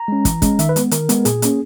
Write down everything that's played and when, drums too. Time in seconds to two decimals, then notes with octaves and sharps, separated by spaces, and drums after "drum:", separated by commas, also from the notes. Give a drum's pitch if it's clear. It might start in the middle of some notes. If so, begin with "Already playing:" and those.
Already playing: A#5
0.08 G#3 C#4
0.25 E3, drum: kick, hi-hat
0.42 G#3 C#4, drum: kick, hi-hat
0.59 D#3 E5, drum: hi-hat
0.69 B4
0.76 G#3 B3, drum: hi-hat
0.91 D#3 A#4, drum: hi-hat
1.09 G#3 B3, drum: hi-hat
1.25 A#2 G#4, drum: hi-hat
1.42 A#3 C#4, drum: hi-hat